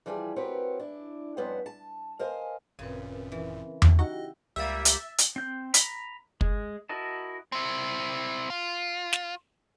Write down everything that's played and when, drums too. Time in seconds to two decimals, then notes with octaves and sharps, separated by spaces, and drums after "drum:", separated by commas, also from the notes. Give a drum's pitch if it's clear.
0.06 E3 F3 G3 G4 G#4
0.36 C4 F#4 G4 A#4 B4 C#5
0.80 D4 E4
1.37 F2 G3 B3 C#4 B4 C5
1.66 A5
2.19 A#4 C5 D#5 F5 G#5
2.79 G#1 F#2 A#2 C#3 C4 A#4 B4
3.32 E3
3.82 drum: tom E2
3.99 D#4 E4 F#4 G4 D#5 F#5 G5
4.56 C#2 G3 A#3 E5 E6 A6
4.85 drum: hi-hat
5.18 drum: hi-hat
5.36 C4 G6
5.74 A#5 B5, drum: hi-hat
6.41 G#3, drum: kick
6.89 E4 F#4 A#4 D#5 A5
7.52 C4 E4
8.50 F4
9.13 drum: snare